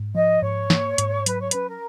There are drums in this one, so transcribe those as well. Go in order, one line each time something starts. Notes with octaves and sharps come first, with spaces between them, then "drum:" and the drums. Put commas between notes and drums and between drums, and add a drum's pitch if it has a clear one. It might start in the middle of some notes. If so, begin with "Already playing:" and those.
Already playing: G#2
F3 D#5
G#2 C#5
A#3, drum: snare
G#2, drum: hi-hat
F#3 B4, drum: hi-hat
C#5
C#4 B4, drum: hi-hat
A#4